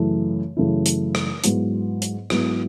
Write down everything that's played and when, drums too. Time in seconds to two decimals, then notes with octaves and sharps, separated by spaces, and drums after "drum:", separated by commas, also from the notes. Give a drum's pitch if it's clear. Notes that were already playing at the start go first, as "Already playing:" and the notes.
Already playing: F#2 C#3 E3 A3 E4
0.57 F#2 C#3 E3 A3 E4
0.86 drum: hi-hat
1.15 drum: rim click
1.44 G#2 F#3 B3 E4, drum: hi-hat
2.02 drum: hi-hat
2.30 G#2 F#3 B3 E4, drum: rim click